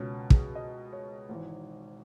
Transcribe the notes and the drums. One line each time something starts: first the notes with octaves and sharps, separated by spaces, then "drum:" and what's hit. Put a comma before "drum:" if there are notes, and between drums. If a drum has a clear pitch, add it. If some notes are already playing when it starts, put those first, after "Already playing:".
Already playing: C#2 B2 C#4
G#4, drum: kick
D#5
C#5
G#1 G#2 E3